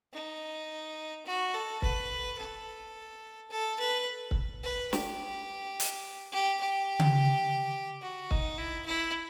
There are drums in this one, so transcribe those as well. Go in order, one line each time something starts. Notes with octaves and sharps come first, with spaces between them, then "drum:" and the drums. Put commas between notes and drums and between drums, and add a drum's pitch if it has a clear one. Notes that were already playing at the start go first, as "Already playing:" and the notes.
D#4
F#4
A4
B4, drum: kick C#1
A4
A4
B4
drum: kick C#1
B4
G4, drum: snare
drum: hi-hat
G4
G4
drum: tom C#3
F#4
D#4, drum: kick C#1
E4
E4